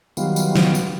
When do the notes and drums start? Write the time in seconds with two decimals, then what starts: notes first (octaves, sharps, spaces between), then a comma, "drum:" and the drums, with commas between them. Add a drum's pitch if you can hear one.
0.17 D#3 F#3 G3 B3 F4, drum: tambourine
0.36 drum: tambourine
0.56 drum: snare
0.75 drum: tambourine